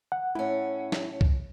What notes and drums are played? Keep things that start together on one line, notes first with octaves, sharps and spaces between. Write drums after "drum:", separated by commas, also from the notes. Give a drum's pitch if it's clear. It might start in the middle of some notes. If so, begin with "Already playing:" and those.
F#5
A2 C#4 E4
drum: snare
drum: kick C2